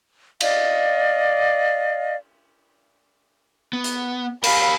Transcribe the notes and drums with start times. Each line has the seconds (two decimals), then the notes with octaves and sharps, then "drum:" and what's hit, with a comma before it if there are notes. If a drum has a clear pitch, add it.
0.41 D5 D#5 F5, drum: cymbal
3.73 B3
3.84 drum: hi-hat
4.44 G4 A#4 F5 B5, drum: cymbal